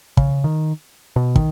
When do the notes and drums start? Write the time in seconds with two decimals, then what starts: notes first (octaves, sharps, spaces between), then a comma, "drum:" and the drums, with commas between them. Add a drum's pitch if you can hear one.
0.17 C#3, drum: kick
0.44 D#3
1.16 B2
1.36 D#3, drum: kick